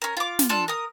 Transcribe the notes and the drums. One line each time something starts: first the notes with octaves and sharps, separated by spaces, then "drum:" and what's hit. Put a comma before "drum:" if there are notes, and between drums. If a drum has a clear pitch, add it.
C#4 A#4
F4 D6
drum: snare
D4 F4 A4
A#4 D#6